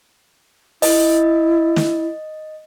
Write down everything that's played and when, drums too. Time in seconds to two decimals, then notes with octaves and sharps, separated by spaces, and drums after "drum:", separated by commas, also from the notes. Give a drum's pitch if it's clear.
0.82 E4 D#5, drum: open hi-hat
1.76 drum: snare